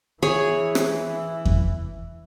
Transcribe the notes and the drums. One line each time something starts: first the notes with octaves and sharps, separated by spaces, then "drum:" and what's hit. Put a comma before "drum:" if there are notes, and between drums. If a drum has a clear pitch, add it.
E3 G#4 C#5
drum: rim click
drum: kick E2